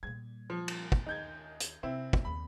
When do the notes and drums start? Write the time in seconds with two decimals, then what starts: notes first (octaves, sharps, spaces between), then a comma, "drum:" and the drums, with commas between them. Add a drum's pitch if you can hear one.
0.03 A#2 G3 G#6
0.50 F3
0.68 drum: cymbal
0.92 drum: kick
1.07 D#2 D#4 G6 G#6
1.60 drum: hi-hat
1.83 C3 C4 E4
2.13 drum: kick
2.25 D#2 C4 B5